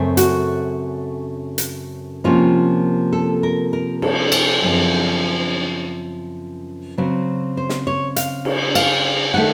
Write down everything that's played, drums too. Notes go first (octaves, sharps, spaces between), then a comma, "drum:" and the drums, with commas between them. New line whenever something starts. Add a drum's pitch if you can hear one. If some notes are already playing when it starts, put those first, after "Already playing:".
Already playing: F#2 C#3 A3 C4
F#4, drum: hi-hat
drum: hi-hat
C3 F3 A#3 C#4 F4
A4
A#4
A#4
A4, drum: cymbal
A4, drum: cymbal
F#2 C#3 F3 C4
C#3 F#3 C4
C5
drum: snare
C#5
F5, drum: hi-hat
drum: cymbal
F5, drum: cymbal
D#3 A3 F#5